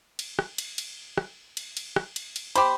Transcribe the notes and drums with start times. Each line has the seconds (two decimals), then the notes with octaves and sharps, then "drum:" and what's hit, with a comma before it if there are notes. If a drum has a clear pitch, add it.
0.19 drum: cymbal
0.39 drum: rim click
0.58 drum: cymbal
0.78 drum: cymbal
1.18 drum: rim click
1.57 drum: cymbal
1.77 drum: cymbal
1.96 drum: rim click
2.16 drum: cymbal
2.36 drum: cymbal
2.56 G4 C5 B5, drum: cymbal